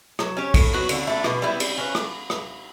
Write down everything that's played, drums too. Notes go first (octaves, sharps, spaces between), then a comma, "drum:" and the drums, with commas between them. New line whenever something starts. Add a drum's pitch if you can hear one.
F#3, drum: rim click
C#4 G4 C#5
A2, drum: kick A1, cymbal
F#3 B3 F#4
D3, drum: cymbal
A3 D4
B2, drum: rim click
G3 B3 E4
G3, drum: cymbal
C#4 F#4 B4
drum: rim click
drum: rim click